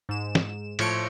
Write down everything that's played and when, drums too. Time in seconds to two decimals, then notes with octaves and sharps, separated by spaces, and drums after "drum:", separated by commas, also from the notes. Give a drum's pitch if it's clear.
0.09 G#2 E7
0.35 drum: snare
0.79 A2 F3 C#5 C#7 D7, drum: cymbal